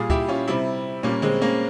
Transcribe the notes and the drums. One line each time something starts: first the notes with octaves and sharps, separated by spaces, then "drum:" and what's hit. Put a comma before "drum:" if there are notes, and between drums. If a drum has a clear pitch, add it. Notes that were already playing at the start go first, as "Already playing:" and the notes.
Already playing: A#2 G3 F4 G#4
E4 G4, drum: kick
C#4 F4
C3 G3 C4 E4
A#2 G3 A#3 C#4
G#3 C4, drum: tom D3
A#3 C#4